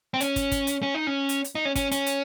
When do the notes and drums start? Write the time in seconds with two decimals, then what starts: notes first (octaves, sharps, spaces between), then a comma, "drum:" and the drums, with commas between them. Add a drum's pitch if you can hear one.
0.14 C4
0.20 C#4, drum: hi-hat
0.36 drum: kick, hi-hat
0.51 drum: kick, hi-hat
0.67 drum: hi-hat
0.83 C#4
0.94 D#4
1.07 C#4
1.29 drum: hi-hat
1.44 drum: hi-hat
1.55 D#4
1.65 C#4
1.76 C#4, drum: kick, hi-hat
1.91 C#4, drum: hi-hat
2.06 drum: hi-hat